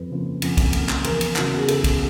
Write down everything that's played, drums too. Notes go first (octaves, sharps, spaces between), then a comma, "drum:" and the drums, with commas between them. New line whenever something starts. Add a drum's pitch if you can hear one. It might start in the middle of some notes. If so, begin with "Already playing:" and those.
Already playing: F2 B4
C#3 F3 A#3
F2, drum: cymbal
drum: kick, cymbal
C#3 F3 A#3, drum: cymbal
drum: clap
E2 A#4, drum: cymbal
drum: cymbal
C#3 F#3 B3, drum: clap
G#4
E2 A4, drum: cymbal
drum: kick, cymbal